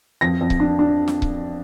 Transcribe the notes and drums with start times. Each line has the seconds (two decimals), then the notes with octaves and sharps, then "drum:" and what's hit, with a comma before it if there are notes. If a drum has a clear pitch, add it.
0.21 F2 A#6
0.41 F2
0.50 drum: kick C#1
0.60 D4
0.79 D4
1.08 drum: snare
1.22 drum: kick C#1